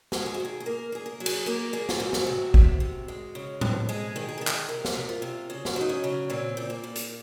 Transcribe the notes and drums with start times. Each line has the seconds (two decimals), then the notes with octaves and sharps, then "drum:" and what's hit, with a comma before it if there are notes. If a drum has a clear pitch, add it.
0.12 G#3, drum: snare
0.26 G#4
0.34 F#4
0.40 D#3 G#4
0.60 G#4
0.66 A#3 A#4
0.92 A#3 G#4
1.06 A#4
1.20 F#3
1.26 G#4, drum: cymbal
1.46 A#3 A#4
1.73 A#3 G#4
1.89 F4, drum: snare
2.00 G#2 F#4
2.13 drum: snare
2.27 C3
2.54 C3, drum: kick
2.80 C3
3.08 G#3
3.35 C#3
3.61 F2, drum: tom A2
3.89 G#3 G#4
4.16 D#3
4.29 G#4
4.38 D#3 A#4
4.47 G#4, drum: clap
4.68 C3 A#4
4.85 drum: snare
4.94 C3 A#4
5.09 F4
5.22 C3
5.50 C#3
5.65 drum: snare
5.76 F#3 D#4
5.89 C#4
6.04 C#3
6.30 A#2 C4
6.57 A#2
6.70 A#3
6.84 A#2
6.96 drum: hi-hat